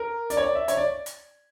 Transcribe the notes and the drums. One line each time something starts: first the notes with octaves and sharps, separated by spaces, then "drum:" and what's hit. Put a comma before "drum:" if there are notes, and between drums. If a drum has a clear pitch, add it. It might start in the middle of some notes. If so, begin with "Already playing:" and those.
Already playing: A#4
D5, drum: hi-hat
C#5
D5
E5
C#5, drum: hi-hat
D5
drum: hi-hat